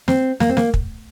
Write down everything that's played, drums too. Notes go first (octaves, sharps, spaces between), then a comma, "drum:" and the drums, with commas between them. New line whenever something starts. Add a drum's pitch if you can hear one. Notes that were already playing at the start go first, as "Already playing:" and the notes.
C4, drum: snare
A#3, drum: snare
C4
A#3, drum: snare
drum: kick